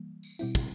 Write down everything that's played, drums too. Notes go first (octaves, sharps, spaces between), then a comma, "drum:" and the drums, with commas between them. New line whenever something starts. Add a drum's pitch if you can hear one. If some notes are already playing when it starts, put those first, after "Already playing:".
Already playing: E3 G3 A#3
drum: tambourine
B2 G3 C4 E4, drum: tambourine
drum: kick, tambourine